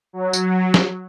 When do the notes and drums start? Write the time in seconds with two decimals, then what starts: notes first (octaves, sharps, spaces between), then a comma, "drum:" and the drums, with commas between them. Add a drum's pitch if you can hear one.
0.13 F#3
0.33 drum: tambourine
0.74 drum: snare